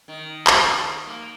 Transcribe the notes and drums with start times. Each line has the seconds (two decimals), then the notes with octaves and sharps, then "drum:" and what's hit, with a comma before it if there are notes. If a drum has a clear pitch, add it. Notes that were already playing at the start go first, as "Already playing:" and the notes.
0.08 D#3
0.47 drum: clap
1.07 A#3